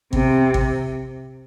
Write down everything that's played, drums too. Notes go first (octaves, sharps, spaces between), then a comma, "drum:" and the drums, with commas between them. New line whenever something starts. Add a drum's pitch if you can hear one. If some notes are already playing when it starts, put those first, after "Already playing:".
C3, drum: kick G#1
drum: kick G#1